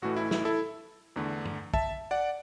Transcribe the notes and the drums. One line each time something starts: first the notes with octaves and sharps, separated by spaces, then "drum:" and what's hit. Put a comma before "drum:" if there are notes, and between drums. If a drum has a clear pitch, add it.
A1 A2 E3 A3 F#4
E4
E4, drum: snare
E4 A4
E2 D3 A3
drum: tom
E5 A5, drum: kick
D5 F#5